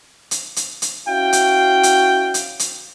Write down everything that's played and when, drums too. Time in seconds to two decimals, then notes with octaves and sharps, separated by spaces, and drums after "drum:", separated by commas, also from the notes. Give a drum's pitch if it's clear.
0.31 drum: hi-hat
0.56 drum: hi-hat
0.82 drum: hi-hat
1.07 C#4 E4 F#4 F5 G5
1.33 drum: hi-hat
1.83 drum: hi-hat
2.34 drum: hi-hat
2.59 drum: hi-hat